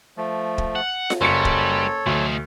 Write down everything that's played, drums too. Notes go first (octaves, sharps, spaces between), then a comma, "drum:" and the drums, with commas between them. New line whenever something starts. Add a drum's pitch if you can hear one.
F3 A3
drum: kick
F#5
drum: snare F4
F#1 G3 A4 C#5 C#7
drum: kick
D2 A3 D#4